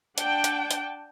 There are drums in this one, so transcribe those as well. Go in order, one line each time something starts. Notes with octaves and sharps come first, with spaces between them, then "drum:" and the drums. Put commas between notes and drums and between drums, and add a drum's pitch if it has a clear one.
D4 F#5 G5 A5, drum: hi-hat
drum: hi-hat
drum: hi-hat